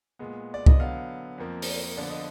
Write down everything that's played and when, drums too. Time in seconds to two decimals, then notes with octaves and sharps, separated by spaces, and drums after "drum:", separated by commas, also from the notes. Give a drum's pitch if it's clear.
0.19 A#2 G#3 B3
0.54 D5
0.66 D#5, drum: kick C2
0.80 D3 F#3 B3 F5
1.38 F2 F3 A#3
1.62 drum: open hi-hat
1.97 D3 F3 B3 D5
2.10 D#5